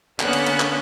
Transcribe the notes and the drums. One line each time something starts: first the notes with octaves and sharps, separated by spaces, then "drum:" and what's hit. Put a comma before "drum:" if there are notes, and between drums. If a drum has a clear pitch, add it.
D3 A#3 B3 C#4 F#6, drum: clap
drum: cymbal
drum: cymbal
drum: clap